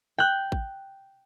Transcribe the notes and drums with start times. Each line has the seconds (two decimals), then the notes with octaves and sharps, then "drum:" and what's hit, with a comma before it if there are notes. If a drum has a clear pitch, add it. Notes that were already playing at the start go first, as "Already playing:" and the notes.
0.18 G5 F#6
0.52 drum: kick A1